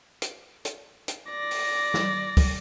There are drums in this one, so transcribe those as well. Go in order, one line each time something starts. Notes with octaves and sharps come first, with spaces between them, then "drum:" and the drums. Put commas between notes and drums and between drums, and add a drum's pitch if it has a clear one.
drum: hi-hat
drum: hi-hat
drum: hi-hat
D5 A#6
drum: open hi-hat
drum: snare
drum: kick, open hi-hat